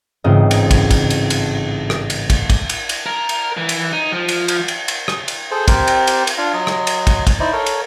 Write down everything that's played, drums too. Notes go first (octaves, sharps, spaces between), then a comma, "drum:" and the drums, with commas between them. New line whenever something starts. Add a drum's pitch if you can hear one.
A1 G#2 C#3 C4 F4 D#5
drum: cymbal
drum: kick, cymbal
drum: kick, cymbal
drum: cymbal
drum: cymbal
drum: rim click
drum: cymbal
drum: kick, cymbal
drum: kick, cymbal
drum: cymbal
drum: cymbal
A#4
drum: cymbal
E3
drum: cymbal
D#4
F3
drum: cymbal
drum: cymbal
drum: cymbal
drum: cymbal
drum: rim click
drum: cymbal
G#4 A4 C5
C4 G4 A#4 C5, drum: kick, cymbal
drum: cymbal
drum: cymbal
drum: cymbal
D4 F4 F5
F#3 D#5 C6
drum: rim click
drum: cymbal
drum: kick, cymbal
drum: kick, cymbal
D#4 E4 C5 D5
A4 A#4 C#5
drum: cymbal